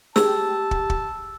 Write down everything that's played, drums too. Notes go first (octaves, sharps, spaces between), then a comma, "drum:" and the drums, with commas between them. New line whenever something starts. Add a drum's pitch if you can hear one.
G4 G#4 A5 E6, drum: snare
drum: kick
drum: kick